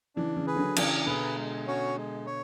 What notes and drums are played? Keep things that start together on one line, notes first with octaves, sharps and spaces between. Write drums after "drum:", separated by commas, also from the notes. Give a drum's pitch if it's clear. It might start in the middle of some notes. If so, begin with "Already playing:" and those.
C#3 E3 D4
C#3 E3
G#4 B4
D3 F#3
C#3 E3 D4, drum: cymbal
B2 D3 G#4 B4
G#3
C#4 F#4 C#5
G#3
C#5